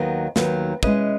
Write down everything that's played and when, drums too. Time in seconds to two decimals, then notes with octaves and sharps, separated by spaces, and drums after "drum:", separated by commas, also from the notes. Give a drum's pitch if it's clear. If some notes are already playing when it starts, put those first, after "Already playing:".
Already playing: D#2 D#3 F#3 B3
0.36 D#2 D#3 F#3 B3, drum: snare
0.83 G#3 C#4 E4 B4 D#5, drum: kick